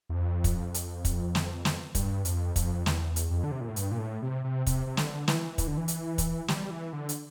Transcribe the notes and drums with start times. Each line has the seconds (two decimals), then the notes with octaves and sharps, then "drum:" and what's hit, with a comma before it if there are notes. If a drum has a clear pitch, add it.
0.09 E2
0.14 F2
0.44 drum: kick, hi-hat
0.74 drum: hi-hat
1.05 drum: kick, hi-hat
1.35 drum: snare
1.65 drum: snare
1.95 G2, drum: kick, hi-hat
2.25 F2, drum: hi-hat
2.56 F2, drum: kick, hi-hat
2.86 E2, drum: snare
3.16 drum: hi-hat
3.31 F2
3.44 D3
3.51 C3
3.61 A#2
3.68 A2
3.76 G2, drum: hi-hat
3.92 A#2
3.99 A2
4.22 C3
4.44 C3
4.66 C3, drum: kick, hi-hat
4.87 C3
4.97 D3, drum: snare
5.28 E3, drum: snare
5.58 E3, drum: kick, hi-hat
5.67 D3
5.77 E3
5.88 drum: hi-hat
6.18 drum: kick, hi-hat
6.48 G3, drum: snare
6.70 E3
6.93 D3
7.09 drum: hi-hat